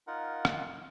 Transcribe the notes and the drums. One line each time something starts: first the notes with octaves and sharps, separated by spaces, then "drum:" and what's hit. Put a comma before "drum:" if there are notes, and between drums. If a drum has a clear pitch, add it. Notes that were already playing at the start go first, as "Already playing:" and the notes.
D#4 F4 A#4 F#5
drum: rim click